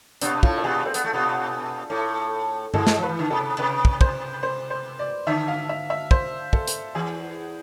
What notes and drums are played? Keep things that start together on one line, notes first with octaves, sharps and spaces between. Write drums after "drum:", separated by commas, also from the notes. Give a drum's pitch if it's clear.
B2 B3 D4, drum: hi-hat
A2 A3 F4, drum: kick
A4
B2 B3 G#4
C4 A4
B3, drum: hi-hat
A3
B2 B3
A2 A3
G#2 G#3 A4, drum: tom G2
G#3, drum: snare
F3 B4
E3
D3
C3 A4
C3 B4
drum: kick
C5, drum: kick
C5
C5
D5
D3 E5
F5
E5
E5
C5, drum: kick
A4, drum: kick
drum: hi-hat
E2 E3 G#4